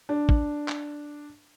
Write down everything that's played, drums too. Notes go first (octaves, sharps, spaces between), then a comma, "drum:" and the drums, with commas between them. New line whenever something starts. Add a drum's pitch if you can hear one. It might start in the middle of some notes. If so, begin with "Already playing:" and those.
D4
drum: kick
drum: clap